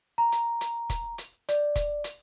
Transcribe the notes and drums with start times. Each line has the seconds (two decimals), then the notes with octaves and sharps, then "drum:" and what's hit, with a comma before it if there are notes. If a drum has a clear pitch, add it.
0.18 A#5
0.32 drum: hi-hat
0.61 drum: hi-hat
0.90 drum: kick, hi-hat
1.18 drum: hi-hat
1.49 D5, drum: hi-hat
1.76 drum: kick, hi-hat
2.04 drum: hi-hat